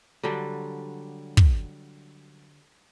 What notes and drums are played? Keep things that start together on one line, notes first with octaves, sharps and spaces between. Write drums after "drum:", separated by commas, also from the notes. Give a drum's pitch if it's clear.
D3 F#3 G3
drum: kick